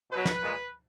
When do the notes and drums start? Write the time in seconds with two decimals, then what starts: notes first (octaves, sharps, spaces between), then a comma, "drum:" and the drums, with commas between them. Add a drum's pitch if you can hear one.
0.11 B2 F#3 B4
0.25 drum: snare
0.42 A#2 G#3